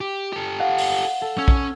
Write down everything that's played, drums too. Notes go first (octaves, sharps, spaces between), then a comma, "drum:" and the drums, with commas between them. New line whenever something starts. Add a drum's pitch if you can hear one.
G4
G4 A4
F5 F#5
drum: open hi-hat
A4
C#4 E6 G#6
drum: kick A#1